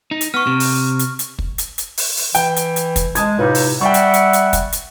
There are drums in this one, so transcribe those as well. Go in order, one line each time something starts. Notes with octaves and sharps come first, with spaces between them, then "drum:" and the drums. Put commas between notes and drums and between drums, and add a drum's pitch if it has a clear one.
D#4
drum: hi-hat
B3 C#6 F6
C3 C#6
drum: open hi-hat
drum: hi-hat
drum: hi-hat
drum: kick
drum: hi-hat
drum: hi-hat
drum: open hi-hat
drum: open hi-hat
E3 G5, drum: hi-hat
drum: hi-hat
drum: hi-hat
drum: kick, hi-hat
G#3 A5 D#6 G#6, drum: hi-hat
A2 C3 D#4 F4 B4
drum: open hi-hat
G3 E5 F#5 G5 C#6
drum: hi-hat
drum: hi-hat
drum: hi-hat
drum: kick, hi-hat
drum: hi-hat